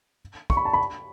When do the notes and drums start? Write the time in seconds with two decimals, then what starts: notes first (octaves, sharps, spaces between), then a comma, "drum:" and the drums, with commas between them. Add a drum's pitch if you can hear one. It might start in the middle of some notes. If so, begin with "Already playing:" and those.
0.50 C#6, drum: kick
0.57 B5
0.65 A5
0.73 B5